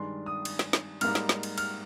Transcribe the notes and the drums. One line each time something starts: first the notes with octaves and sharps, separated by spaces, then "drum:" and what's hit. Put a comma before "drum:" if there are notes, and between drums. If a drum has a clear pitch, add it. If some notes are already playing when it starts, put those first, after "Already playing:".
Already playing: G2 D#3 G#3 D4 C6
D#6
drum: cymbal
drum: snare
drum: snare
G#2 G3 A#3 D#4 F6, drum: cymbal
drum: snare
drum: snare
drum: cymbal
F6, drum: cymbal